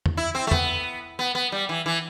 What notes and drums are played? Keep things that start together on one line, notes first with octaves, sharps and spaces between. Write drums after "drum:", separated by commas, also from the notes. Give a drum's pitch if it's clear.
drum: tom E2
E4
C4
A3
B3, drum: tom E2
B3
B3
G3
E3
E3